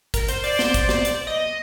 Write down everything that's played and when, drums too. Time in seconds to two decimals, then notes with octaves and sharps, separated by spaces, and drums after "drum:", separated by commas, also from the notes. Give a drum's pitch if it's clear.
0.14 A#4, drum: kick, hi-hat
0.28 C5, drum: hi-hat
0.44 D5, drum: open hi-hat
0.59 C5, drum: snare
0.74 C5, drum: kick, hi-hat
0.89 D5, drum: snare
1.05 D5, drum: hi-hat
1.27 D#5